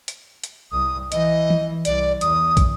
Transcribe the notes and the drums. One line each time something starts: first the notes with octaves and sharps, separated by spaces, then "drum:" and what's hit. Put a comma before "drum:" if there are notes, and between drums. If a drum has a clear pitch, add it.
drum: hi-hat
drum: hi-hat
C2 D#6
E3 D#5, drum: hi-hat
drum: tom E3
C2 D5, drum: hi-hat
E2 D#6, drum: hi-hat
drum: kick, hi-hat